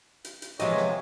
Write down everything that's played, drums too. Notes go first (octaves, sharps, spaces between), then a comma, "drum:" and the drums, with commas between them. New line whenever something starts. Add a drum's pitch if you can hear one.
drum: hi-hat
drum: hi-hat
C3 E3 F3 G#3 C#5 D#5, drum: hi-hat
drum: snare